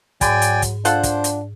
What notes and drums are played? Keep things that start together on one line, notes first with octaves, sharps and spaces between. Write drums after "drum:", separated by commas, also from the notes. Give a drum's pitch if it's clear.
G#2 F#3 D5 G5 G#5 B5, drum: kick, hi-hat
drum: hi-hat
drum: kick, hi-hat
D4 F4 A4 C5 F#5, drum: hi-hat
drum: kick, hi-hat
drum: hi-hat